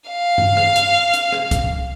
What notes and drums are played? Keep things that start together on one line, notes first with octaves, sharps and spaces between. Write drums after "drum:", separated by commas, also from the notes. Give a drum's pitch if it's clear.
F5
drum: tom G2
drum: rim click
drum: hi-hat
drum: hi-hat
drum: rim click
drum: kick, hi-hat